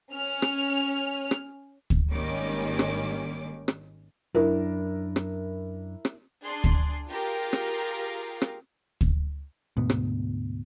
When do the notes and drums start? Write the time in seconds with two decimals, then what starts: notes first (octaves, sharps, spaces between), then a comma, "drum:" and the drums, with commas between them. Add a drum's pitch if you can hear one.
0.13 C#4 F6
0.42 drum: rim click
1.31 drum: rim click
1.90 drum: kick
2.11 G#1 D#3 G3 A#3 C#4 D6
2.79 drum: rim click
3.68 drum: rim click
4.35 F#2 D4 E4 A#4
5.16 drum: rim click
6.05 drum: rim click
6.43 D4 G#4 C6
6.64 drum: kick
7.09 F4 G4 G#4 A#4 F5 A#5
7.53 drum: rim click
8.42 drum: rim click
9.01 drum: kick
9.77 D2 G#2 B2 B3
9.90 drum: rim click